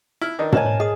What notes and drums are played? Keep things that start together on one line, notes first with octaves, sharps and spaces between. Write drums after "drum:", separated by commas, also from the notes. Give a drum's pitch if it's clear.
E4 F6
D#3 D4 D#4 A#4 B4
A#3 C5 C#5 D#5 G#5 A5, drum: tom
C#5
G#4 D#5 D#6